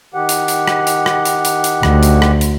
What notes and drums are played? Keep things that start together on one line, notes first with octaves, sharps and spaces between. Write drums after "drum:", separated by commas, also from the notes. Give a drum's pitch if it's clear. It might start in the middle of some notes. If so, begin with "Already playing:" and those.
D#3 G4 F#5
drum: hi-hat
drum: hi-hat
drum: rim click
drum: hi-hat
drum: rim click
drum: hi-hat
drum: hi-hat
drum: hi-hat
D2, drum: rim click
drum: hi-hat
drum: rim click
drum: hi-hat